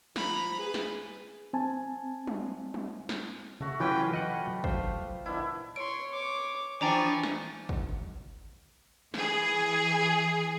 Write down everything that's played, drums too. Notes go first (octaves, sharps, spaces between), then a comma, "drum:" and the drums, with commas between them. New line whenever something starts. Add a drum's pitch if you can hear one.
F3 A#5 B5, drum: snare
G#4 B4
drum: snare
C4 G#5 A5
drum: tom
drum: tom
drum: snare
C#3 A3 F#4
E3 F#3 C#4 F4 G4 B4 G5
A3 B4 D#5 F#5
C5 F5, drum: kick
D#3 B3 D4 E4
C#5 C6 D7
C#5 D6
E3 F3 D4 G5 G#5 A#5 C#6 D6
drum: snare
drum: kick
E3 G#4, drum: snare